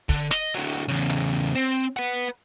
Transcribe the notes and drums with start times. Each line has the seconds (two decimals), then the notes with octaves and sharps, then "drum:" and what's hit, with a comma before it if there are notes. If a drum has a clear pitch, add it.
0.09 D3, drum: kick
0.31 D#5, drum: snare
0.55 D3 F#3
0.88 E2 C#3
1.09 drum: hi-hat
1.55 C4
1.96 B4 F#5